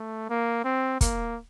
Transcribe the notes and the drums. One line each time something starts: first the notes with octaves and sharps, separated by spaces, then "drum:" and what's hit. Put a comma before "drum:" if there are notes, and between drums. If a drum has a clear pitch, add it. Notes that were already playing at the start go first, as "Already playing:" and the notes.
Already playing: A3
A#3
C4
A#3, drum: kick, hi-hat